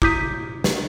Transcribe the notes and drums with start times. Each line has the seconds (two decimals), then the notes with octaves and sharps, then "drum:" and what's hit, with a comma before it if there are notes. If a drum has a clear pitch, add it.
0.02 E4 D6 D#6 G6 B6 D#7, drum: kick
0.64 drum: snare